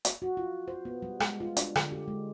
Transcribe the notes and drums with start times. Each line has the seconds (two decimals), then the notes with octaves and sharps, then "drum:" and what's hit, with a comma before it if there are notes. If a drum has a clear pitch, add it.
0.05 drum: hi-hat
0.22 F#4
0.37 F4
0.68 C5
0.85 B3
1.02 G3
1.20 G#3, drum: rim click
1.40 F4
1.57 D4, drum: hi-hat
1.76 D3, drum: rim click
1.92 G4
2.08 G#3